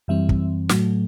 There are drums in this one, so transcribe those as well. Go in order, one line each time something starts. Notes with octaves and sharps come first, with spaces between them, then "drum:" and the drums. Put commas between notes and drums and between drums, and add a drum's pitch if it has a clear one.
F#2 E3 G3 C4 E5
drum: kick
A2 F#3 A3, drum: snare